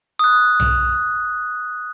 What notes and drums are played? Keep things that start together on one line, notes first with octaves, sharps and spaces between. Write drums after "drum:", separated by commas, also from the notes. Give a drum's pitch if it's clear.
D#6 F#6
drum: tom B1